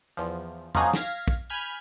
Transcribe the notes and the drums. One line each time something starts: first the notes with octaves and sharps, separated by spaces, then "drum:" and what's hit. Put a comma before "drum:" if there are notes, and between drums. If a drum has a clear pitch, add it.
E2 F3
F3 A#3 C#4 D#4 F#4 G#4, drum: tom
F5 G#6 A#6 B6, drum: snare
drum: kick
G#5 B5 F6 G6 G#6